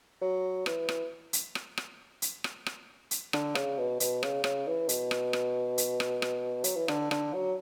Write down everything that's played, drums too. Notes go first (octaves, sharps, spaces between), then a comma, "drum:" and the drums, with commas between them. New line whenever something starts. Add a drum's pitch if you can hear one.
F#3
E3, drum: rim click
drum: rim click
drum: hi-hat
drum: rim click
drum: rim click
drum: hi-hat
drum: rim click
drum: rim click
drum: hi-hat
D3, drum: rim click
C#3, drum: rim click
B2
B2, drum: hi-hat
C#3, drum: rim click
C#3, drum: rim click
E3
B2, drum: hi-hat
drum: rim click
drum: rim click
drum: hi-hat
drum: rim click
drum: rim click
F#3, drum: hi-hat
E3
D3, drum: rim click
D3, drum: rim click
F#3